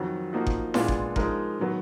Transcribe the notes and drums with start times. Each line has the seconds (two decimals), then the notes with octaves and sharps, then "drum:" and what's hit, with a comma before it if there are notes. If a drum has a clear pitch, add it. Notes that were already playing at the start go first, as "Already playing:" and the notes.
Already playing: F2 D#3 F#3
0.33 F3 A#3 D#4 F#4
0.47 drum: kick F#1
0.74 A#2 G#3 B3 D4 F4, drum: snare E4
0.88 drum: kick F#1
1.16 F3 G#3 D#4 A#4, drum: kick F#1
1.59 D#3 F#3 B3